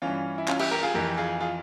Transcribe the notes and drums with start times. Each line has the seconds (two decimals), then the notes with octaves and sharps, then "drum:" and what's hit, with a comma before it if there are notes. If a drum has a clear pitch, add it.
0.02 G2 E3 C#4 F4
0.38 E4
0.48 C#4 F4, drum: clap
0.59 E4 G4, drum: cymbal
0.71 G4 A#4
0.83 F4 G#4
0.94 F2 E3 G4 A#4
1.17 F4 G#4
1.40 F4 G#4